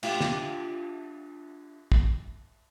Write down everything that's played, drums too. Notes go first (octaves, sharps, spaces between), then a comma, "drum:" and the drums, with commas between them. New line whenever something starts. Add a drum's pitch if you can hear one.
D4 F4 G4, drum: cymbal
drum: snare
drum: kick